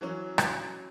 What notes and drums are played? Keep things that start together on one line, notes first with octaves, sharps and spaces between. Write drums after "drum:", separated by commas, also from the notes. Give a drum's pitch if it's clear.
E3 F#3 C#4
drum: rim click